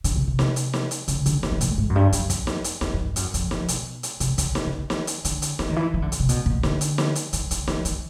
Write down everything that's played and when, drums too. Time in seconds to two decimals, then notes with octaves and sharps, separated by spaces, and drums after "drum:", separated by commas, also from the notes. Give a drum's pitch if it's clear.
0.04 D3, drum: hi-hat
0.16 C3
0.27 C3
0.39 drum: snare
0.56 drum: hi-hat
0.73 drum: snare
0.91 drum: hi-hat
1.08 C#3, drum: hi-hat
1.26 D3, drum: hi-hat
1.43 D#3, drum: snare
1.51 E3
1.61 A#2, drum: hi-hat
1.69 A2
1.78 G#2
1.90 F#2
1.95 G2
2.13 F#2, drum: hi-hat
2.30 drum: kick, hi-hat
2.47 drum: snare
2.64 drum: hi-hat
2.81 E2, drum: snare
2.94 F2
3.05 G2
3.16 F#2, drum: hi-hat
3.34 F2, drum: hi-hat
3.51 F2, drum: snare
3.68 B2, drum: hi-hat
4.03 drum: hi-hat
4.20 C3, drum: hi-hat
4.38 C#3, drum: kick, hi-hat
4.55 C3, drum: snare
4.67 C#3
4.78 D#3
4.90 drum: snare
5.07 drum: hi-hat
5.25 D3, drum: hi-hat
5.42 drum: hi-hat
5.59 E3, drum: snare
5.70 D#3
5.76 E3
5.94 E3
6.02 D3
6.12 C#3, drum: hi-hat
6.20 C3
6.29 B2, drum: hi-hat
6.46 A#2, drum: kick
6.63 D3, drum: snare
6.81 drum: hi-hat
6.98 drum: snare
7.15 drum: hi-hat
7.33 D#3, drum: hi-hat
7.51 D#3, drum: hi-hat
7.68 E3, drum: snare
7.85 D#3, drum: hi-hat